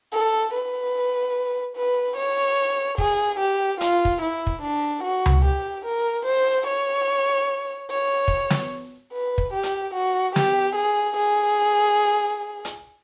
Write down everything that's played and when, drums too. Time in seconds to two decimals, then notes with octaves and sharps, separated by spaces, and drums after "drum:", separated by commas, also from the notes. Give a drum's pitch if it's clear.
0.13 A4
0.54 B4
1.76 B4
2.17 C#5
2.98 G#4, drum: kick
3.40 G4
3.81 F4, drum: hi-hat
4.05 drum: kick
4.22 E4
4.47 drum: kick
4.62 D4
5.04 F#4
5.26 drum: tom C#2
5.45 G4
5.86 A#4
6.26 C5
6.67 C#5
7.90 C#5
8.28 drum: kick
8.50 drum: snare
9.13 B4
9.38 drum: kick
9.53 G4
9.63 drum: hi-hat
9.94 F#4
10.36 G4, drum: snare
10.76 G#4
11.17 G#4
12.65 drum: hi-hat